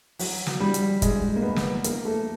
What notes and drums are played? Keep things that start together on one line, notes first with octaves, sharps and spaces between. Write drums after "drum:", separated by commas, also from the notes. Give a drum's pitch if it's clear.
F#3, drum: open hi-hat
drum: snare
G3
drum: hi-hat
G#3, drum: kick, hi-hat
A#3
B3
drum: snare
A#3, drum: hi-hat
A3